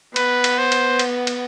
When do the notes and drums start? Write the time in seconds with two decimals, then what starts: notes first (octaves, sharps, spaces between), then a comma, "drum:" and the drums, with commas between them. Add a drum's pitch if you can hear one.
0.16 B3 B4, drum: cymbal
0.44 drum: cymbal
0.58 C5
0.72 drum: cymbal
0.99 drum: cymbal
1.27 drum: cymbal